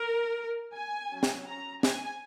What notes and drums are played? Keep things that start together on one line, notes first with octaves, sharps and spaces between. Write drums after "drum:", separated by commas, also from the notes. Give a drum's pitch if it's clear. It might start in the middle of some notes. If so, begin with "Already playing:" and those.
Already playing: A#4
G#5
F#3 C#4
drum: snare
A#5
G#5, drum: snare